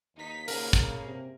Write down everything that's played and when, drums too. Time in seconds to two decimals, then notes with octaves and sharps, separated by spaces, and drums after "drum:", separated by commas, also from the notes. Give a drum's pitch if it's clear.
0.17 D#2 D#4 B6
0.48 C#3 A#3 A#4, drum: open hi-hat
0.73 drum: kick, hi-hat
1.06 C3